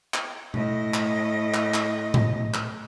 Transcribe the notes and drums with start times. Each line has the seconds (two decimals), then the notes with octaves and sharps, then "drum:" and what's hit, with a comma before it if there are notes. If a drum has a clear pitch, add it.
0.14 drum: clap
0.54 A2 D#5, drum: tom B2
0.94 drum: clap
1.54 drum: clap
1.74 drum: clap
2.14 drum: tom A2
2.54 drum: clap